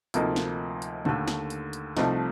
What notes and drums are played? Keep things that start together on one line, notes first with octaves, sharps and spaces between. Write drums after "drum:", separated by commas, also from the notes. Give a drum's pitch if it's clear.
D2 C3 F3 A#3 D#4, drum: hi-hat
drum: snare
drum: hi-hat
D#2 D3 A3, drum: tom A#2
drum: snare
drum: hi-hat
drum: hi-hat
C2 C3 F3 A3 D#4, drum: snare